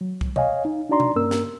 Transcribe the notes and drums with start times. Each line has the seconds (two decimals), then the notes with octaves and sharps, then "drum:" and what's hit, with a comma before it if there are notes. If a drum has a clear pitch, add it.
0.01 F#3
0.21 drum: kick C2
0.36 C#5 D#5 F5 G#5, drum: tom B2
0.65 D#4
0.89 D4 D#4 F#4 D5 A#5 C6
1.00 drum: tom B2
1.15 G2 A#3 C#4 A#4 E6
1.31 drum: snare